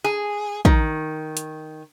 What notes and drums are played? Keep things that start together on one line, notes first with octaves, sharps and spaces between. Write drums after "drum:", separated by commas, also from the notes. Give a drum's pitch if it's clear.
G#4
D#3, drum: kick
drum: hi-hat